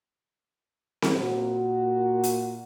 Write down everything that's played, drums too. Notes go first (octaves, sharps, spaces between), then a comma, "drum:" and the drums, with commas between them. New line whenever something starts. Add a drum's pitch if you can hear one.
drum: snare C4
A#2 F#4
drum: hi-hat